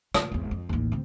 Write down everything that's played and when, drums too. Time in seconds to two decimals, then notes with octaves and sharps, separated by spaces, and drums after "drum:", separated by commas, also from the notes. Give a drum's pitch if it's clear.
0.14 F4, drum: rim click
0.31 G#1 E2
0.51 F2
0.69 A1 D#2
0.92 D2 C4